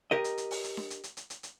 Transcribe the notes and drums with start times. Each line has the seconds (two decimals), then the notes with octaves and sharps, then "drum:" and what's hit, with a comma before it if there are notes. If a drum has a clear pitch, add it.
0.11 G4 A#4 D#5
0.24 drum: hi-hat
0.38 drum: hi-hat
0.51 drum: open hi-hat
0.64 drum: hi-hat
0.77 drum: snare D4
0.90 drum: hi-hat
1.04 drum: hi-hat
1.17 drum: hi-hat
1.30 drum: hi-hat
1.43 drum: hi-hat